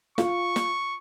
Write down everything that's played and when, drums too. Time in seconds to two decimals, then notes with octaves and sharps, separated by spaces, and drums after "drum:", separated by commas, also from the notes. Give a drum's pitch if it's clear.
0.18 F4 C#6, drum: snare
0.56 drum: snare